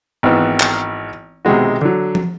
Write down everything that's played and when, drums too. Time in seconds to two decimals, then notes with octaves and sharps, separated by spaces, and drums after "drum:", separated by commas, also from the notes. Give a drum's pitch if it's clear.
0.23 G#1 D#3 E3 B3
0.60 drum: clap
1.45 B1 C3 D#3 G#3 F#4
1.81 D3 F#3
2.15 drum: tom F3